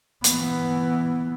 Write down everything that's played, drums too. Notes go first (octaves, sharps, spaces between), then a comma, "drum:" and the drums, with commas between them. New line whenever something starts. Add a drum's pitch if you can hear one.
E3 B3, drum: hi-hat